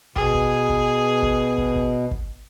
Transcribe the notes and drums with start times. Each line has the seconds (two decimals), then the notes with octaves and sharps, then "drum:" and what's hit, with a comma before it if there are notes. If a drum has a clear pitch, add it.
0.16 B2 G#4, drum: kick
0.34 drum: kick
0.69 drum: kick
1.22 drum: kick
1.58 drum: kick
1.76 drum: kick
2.11 drum: kick